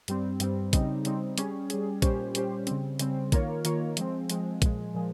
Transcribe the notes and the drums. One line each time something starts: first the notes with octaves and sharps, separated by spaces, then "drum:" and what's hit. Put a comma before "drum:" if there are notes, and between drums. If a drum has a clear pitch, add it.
G2 G3 C4, drum: hi-hat
G2 G3 C4, drum: hi-hat
C#3 G3 C4 D#4, drum: kick, hi-hat
C#3 G3 C4 D#4, drum: hi-hat
G3 C#4 G#4, drum: hi-hat
G3 C#4 G#4, drum: hi-hat
A#2 G3 C#4 G4 C5, drum: kick, hi-hat
A#2 G3 C#4 G4 C5, drum: hi-hat
C#3 G3 C4, drum: hi-hat
C#3 G3 C4, drum: hi-hat
D#3 A#3 F4 A#4 C#5, drum: kick, hi-hat
D#3 A#3 F4 A#4 C#5, drum: hi-hat
F3 G#3 C4, drum: hi-hat
F3 G#3 C4, drum: hi-hat
A#2 F3 G#3, drum: kick, hi-hat
A#2 F3 G#3